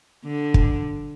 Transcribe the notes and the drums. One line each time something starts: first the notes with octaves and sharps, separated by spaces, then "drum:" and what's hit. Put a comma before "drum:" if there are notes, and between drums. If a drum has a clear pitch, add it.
D3
drum: kick